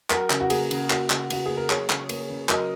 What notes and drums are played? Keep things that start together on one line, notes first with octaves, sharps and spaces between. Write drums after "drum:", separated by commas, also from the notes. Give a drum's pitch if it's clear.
F#3 F#4 A#4, drum: clap
C#3, drum: clap
F#4
A#3 G#4, drum: cymbal
C#3, drum: cymbal
A#3 F#4, drum: clap
C#3, drum: clap
C#3 F#4, drum: cymbal
A#3 G#4
A#4
F#3 G#4 C#5, drum: clap
C#3, drum: clap
A#3, drum: cymbal
C#3
F#3 A#4 D#5, drum: clap